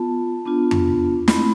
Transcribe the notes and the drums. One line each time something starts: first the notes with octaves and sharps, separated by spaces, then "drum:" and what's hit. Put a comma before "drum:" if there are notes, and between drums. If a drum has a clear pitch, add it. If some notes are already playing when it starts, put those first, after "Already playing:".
Already playing: B3 F4 A5
B3 D4 F4
drum: tom F2
A3 C4 E4 B5, drum: snare